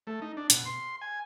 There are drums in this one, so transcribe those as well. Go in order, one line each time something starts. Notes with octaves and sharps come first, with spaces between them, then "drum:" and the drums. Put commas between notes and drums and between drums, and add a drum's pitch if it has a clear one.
A3
D#4
D4
B2, drum: hi-hat
C6
G#5